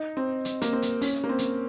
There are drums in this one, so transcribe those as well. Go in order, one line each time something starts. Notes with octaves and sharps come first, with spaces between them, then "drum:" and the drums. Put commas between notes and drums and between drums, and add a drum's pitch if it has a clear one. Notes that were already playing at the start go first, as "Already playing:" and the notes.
Already playing: D#4
C4
drum: hi-hat
A#3, drum: hi-hat
C4
drum: hi-hat
C#4, drum: open hi-hat
A#3
C4
drum: hi-hat